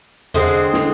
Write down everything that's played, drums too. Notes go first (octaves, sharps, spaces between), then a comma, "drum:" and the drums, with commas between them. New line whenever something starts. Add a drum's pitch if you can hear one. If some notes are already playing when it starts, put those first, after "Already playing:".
D3 G#3 C4, drum: tom E2
drum: snare